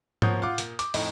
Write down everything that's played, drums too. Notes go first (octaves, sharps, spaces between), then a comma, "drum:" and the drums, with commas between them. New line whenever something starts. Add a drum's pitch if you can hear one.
F3 A#3 C#5 F#5 D#6 G6, drum: tom G#2
F4 F#5 D6
A#2, drum: hi-hat
D6, drum: hi-hat
F2 A2 D#4, drum: open hi-hat